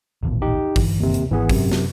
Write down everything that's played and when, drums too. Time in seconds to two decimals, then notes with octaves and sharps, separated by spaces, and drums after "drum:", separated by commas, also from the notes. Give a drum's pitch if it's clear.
0.23 D#1 A1 B2
0.42 D#4 G4
0.76 G1 E3, drum: kick, open hi-hat
1.00 D#2 C3
1.14 drum: hi-hat
1.31 G#1 E3 B3 G#4
1.49 F#2 C3, drum: kick, open hi-hat
1.72 drum: snare